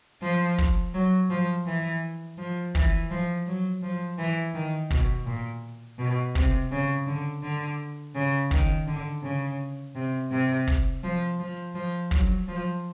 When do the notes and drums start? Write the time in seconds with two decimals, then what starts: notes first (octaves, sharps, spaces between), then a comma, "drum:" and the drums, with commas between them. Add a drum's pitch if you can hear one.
0.22 F3
0.58 drum: kick
0.94 F#3
1.30 F3
1.67 E3
2.38 F3
2.75 E3, drum: kick
3.10 F3
3.47 F#3
3.82 F3
4.18 E3
4.54 D#3
4.90 B2, drum: kick
5.26 A#2
5.99 B2
6.35 C3, drum: kick
6.72 C#3
7.07 D3
7.43 D3
8.15 C#3
8.51 D#3, drum: kick
8.88 D3
9.23 C#3
9.96 C3
10.31 C3
10.67 drum: kick
11.04 F3
11.39 F3
11.75 F3
12.11 F#3, drum: kick
12.48 F3